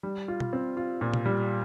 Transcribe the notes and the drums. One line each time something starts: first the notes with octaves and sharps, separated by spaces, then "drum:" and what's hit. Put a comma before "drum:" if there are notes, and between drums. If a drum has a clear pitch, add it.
G3
F4
drum: tom B2
C4
F4
A#2
drum: tom B2
G3